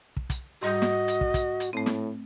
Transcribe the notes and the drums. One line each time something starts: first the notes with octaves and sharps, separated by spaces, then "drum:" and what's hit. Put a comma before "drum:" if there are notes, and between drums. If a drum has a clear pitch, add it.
drum: kick
drum: kick, hi-hat
G#2 G3 F#4 D#5 G6
drum: snare
drum: hi-hat
drum: kick
drum: kick, hi-hat
drum: hi-hat
A2 A3 C4
drum: snare